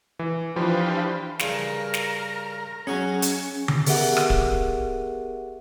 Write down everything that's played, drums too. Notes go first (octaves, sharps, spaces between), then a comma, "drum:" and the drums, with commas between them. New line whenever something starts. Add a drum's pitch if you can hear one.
E3
E3 F3 D4 G4 B4 C5 F5
G2 C#3 C#4 A#4 A#5, drum: snare
drum: snare
F#3 C#4 F#4 G#4
drum: hi-hat
drum: tom D3
B3 G4 G#4 A#4 E5 F#5, drum: open hi-hat
drum: rim click
drum: kick D1